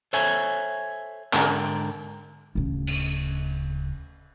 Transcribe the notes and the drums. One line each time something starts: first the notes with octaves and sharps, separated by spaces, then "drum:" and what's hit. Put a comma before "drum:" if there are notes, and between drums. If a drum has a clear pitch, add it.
A4 C5 C#5 E5 G#5, drum: hi-hat
G#2 D3 A#4 G5, drum: clap
D1 C#3
drum: cymbal